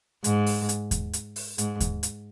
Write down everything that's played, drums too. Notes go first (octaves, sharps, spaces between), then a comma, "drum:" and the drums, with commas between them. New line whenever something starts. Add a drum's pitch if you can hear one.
G#2, drum: hi-hat
drum: open hi-hat
drum: hi-hat
drum: kick D#2, hi-hat
drum: hi-hat
drum: open hi-hat
G#2, drum: hi-hat
drum: kick D#2, hi-hat
drum: hi-hat